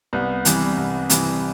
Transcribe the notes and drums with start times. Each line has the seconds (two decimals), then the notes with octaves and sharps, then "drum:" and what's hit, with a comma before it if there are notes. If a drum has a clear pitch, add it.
0.13 C2 B3
0.45 C3 E3 G3, drum: hi-hat
0.77 C2
1.10 C3 E3 G3, drum: hi-hat